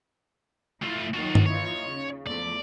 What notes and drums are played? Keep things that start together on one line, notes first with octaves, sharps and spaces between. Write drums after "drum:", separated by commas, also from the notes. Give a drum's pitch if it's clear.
A3 E4 F4
D#2 D#3 F#3 F4 F#4
drum: tom G2
E3 D#4 F4 C#5
C#3
E2 F3 A3 D5